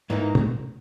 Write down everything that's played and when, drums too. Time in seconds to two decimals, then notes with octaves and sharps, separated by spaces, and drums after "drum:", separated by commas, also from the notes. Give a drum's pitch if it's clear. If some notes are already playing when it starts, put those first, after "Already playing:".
0.10 G#2 E3 A#3 D#4
0.35 drum: tom